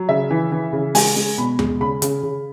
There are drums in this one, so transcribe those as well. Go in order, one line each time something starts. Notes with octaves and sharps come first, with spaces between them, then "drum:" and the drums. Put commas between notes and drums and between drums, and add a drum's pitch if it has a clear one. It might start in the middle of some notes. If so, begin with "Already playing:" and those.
Already playing: F#3
C#3 E5
E3
E3
C#3
G#3 G#5, drum: open hi-hat
G#3
B2 B5
G#3, drum: tom D#2
C#3 B5
C#3, drum: hi-hat
C#3